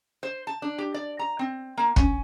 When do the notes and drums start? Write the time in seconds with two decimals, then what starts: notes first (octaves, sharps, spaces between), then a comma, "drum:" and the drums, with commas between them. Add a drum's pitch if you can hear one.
0.23 C5
0.47 A5
0.62 D4
0.78 G4
0.94 D5
1.19 A#5
1.39 C4
1.77 A#3
1.96 C#4, drum: kick